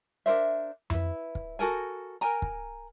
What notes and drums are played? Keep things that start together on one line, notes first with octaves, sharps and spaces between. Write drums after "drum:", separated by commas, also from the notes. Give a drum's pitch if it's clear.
D4 A#4 C5 E5
E4 B4, drum: tom F2
drum: kick
F#4 A4 A#4 G#5
A#4 G5 G#5 A#5
drum: kick